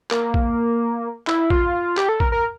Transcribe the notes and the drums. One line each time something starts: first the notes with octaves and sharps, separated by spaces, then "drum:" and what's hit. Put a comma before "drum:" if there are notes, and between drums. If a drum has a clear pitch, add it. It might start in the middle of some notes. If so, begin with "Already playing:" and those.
A#3, drum: clap
drum: kick
E4, drum: clap
F4, drum: kick
G4, drum: clap
A4
A#4, drum: kick
A#4